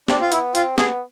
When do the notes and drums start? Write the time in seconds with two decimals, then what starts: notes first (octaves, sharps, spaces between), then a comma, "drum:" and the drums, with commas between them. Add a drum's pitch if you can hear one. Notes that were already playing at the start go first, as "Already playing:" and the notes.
0.08 C4 D4, drum: snare
0.21 F4
0.32 B3 E4, drum: hi-hat
0.55 C4 F4, drum: hi-hat
0.78 B3 G#4, drum: snare